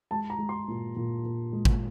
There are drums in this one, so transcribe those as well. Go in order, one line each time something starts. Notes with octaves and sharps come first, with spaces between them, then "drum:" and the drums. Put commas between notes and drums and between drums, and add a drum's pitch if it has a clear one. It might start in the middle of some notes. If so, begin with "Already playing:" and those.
G#3 A5
A#5
G#3
C6
A#2
A#2
A#2
G#3
drum: kick